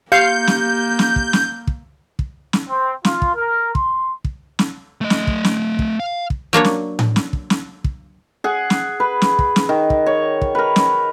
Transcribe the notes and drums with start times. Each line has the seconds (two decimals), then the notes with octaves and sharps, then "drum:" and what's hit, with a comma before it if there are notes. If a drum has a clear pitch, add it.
0.12 A#3 G4 F5 G6 C#7
0.47 drum: snare
0.99 drum: snare
1.16 drum: kick
1.33 drum: snare
1.67 drum: kick
2.19 drum: kick
2.53 drum: snare
2.68 C4
3.05 F4, drum: snare
3.22 drum: kick
3.35 A#4
3.75 C6, drum: kick
4.25 drum: kick
4.59 drum: snare
5.01 A3 D#5
5.10 drum: snare
5.27 drum: kick
5.44 drum: snare
5.79 drum: kick
6.00 F5
6.30 drum: kick
6.53 F#3 A#3 D4 C#5
6.64 drum: snare
6.99 drum: tom A2
7.16 drum: snare
7.33 drum: kick
7.50 drum: snare
7.84 drum: kick
8.44 G#4 F#5
8.70 drum: snare
9.00 B4
9.22 drum: snare
9.39 drum: kick
9.56 drum: snare
9.69 D#3
9.90 drum: kick
10.06 C#5
10.42 drum: kick
10.55 A#4 B4
10.76 drum: snare